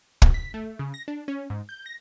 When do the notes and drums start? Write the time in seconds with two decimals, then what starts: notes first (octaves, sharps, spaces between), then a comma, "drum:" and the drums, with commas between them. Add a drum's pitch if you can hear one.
0.22 B2, drum: kick
0.34 B6
0.54 A3
0.79 C#3
0.94 A#6
1.08 D4
1.28 C#4
1.50 G#2
1.69 G6
1.86 A#6